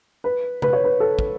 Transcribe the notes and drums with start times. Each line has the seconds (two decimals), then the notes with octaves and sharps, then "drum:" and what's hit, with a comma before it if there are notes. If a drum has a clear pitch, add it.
0.24 B4
0.62 B4, drum: tom C3
0.73 C#5
0.84 B4
1.00 A4
1.19 drum: kick